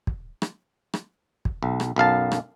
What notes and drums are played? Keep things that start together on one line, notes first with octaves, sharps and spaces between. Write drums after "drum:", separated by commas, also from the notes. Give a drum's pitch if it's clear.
drum: kick
drum: rim click
drum: rim click
drum: kick
B1
drum: rim click
B1 F#2 F5 A5
drum: rim click